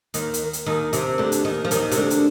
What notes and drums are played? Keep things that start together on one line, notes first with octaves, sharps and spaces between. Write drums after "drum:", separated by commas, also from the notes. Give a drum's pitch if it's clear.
D#2 D#3, drum: hi-hat
drum: hi-hat
drum: hi-hat
D#2 D#3
C3, drum: hi-hat
D2 D3
drum: hi-hat
D#2 D#3
F3
D#2 D#3, drum: hi-hat
C3, drum: hi-hat
D2 D3
drum: hi-hat